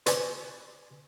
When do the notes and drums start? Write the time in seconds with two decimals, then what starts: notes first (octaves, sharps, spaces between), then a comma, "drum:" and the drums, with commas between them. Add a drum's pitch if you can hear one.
0.06 B4 C5 D5 G#5, drum: hi-hat